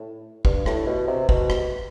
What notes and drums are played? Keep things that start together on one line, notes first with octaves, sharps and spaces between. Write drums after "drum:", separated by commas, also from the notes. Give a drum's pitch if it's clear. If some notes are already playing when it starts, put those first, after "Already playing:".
Already playing: A2
G2, drum: kick
A2, drum: rim click
B2
C3
B2, drum: kick
drum: rim click